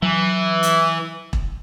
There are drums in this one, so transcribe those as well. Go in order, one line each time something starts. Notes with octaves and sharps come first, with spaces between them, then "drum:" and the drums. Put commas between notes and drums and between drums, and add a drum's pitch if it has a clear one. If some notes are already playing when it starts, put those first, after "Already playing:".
E3 F#3
drum: hi-hat
drum: kick E1